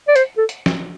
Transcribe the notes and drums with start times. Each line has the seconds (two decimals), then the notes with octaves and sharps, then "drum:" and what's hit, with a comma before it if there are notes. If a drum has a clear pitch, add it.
0.08 D5
0.16 C5, drum: hi-hat
0.37 A4
0.49 drum: hi-hat
0.66 drum: snare